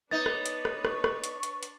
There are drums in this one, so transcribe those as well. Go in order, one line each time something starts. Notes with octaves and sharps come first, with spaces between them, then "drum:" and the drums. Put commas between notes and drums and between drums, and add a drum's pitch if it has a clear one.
B3 D4 D#4 B4 C#5 A6
drum: rim click
drum: hi-hat
drum: rim click
C#6, drum: rim click
drum: rim click
drum: hi-hat
drum: hi-hat
drum: hi-hat